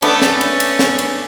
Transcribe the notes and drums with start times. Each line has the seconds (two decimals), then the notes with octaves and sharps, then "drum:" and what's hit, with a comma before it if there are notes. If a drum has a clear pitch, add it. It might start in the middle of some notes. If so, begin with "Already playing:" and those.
0.02 A3 B3 C#4 D4, drum: cymbal
0.22 drum: snare
0.41 drum: cymbal
0.60 drum: cymbal
0.79 drum: snare
0.99 drum: cymbal